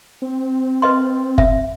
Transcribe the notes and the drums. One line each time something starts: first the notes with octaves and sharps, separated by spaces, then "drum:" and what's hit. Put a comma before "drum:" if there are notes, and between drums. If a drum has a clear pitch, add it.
C4
B4 D#5 C6
E5, drum: kick